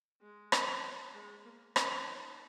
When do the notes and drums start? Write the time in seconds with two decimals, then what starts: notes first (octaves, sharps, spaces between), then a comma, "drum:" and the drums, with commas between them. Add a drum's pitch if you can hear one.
0.21 G#3
0.52 drum: rim click
1.14 G#3
1.45 A#3
1.76 C#4, drum: rim click
2.07 D#4